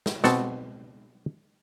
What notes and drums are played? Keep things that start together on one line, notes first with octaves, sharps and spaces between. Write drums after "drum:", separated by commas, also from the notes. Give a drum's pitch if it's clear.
drum: snare
B2 C4 F#5 A5, drum: snare